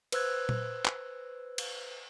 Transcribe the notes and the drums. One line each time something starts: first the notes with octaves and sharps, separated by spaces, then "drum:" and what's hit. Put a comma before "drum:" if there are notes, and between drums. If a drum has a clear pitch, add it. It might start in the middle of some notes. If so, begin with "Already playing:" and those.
B4 C5 E6 F#6 G#6, drum: cymbal
drum: tom A#2
drum: clap
drum: cymbal